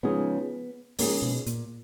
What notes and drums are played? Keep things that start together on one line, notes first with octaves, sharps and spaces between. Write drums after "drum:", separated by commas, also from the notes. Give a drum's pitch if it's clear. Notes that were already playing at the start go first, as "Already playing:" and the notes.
C#3 F3 G#3 B3 D#4 G#4
C#3 F3 G#3 A#3 D#4 G#4, drum: open hi-hat
B2
A#2, drum: hi-hat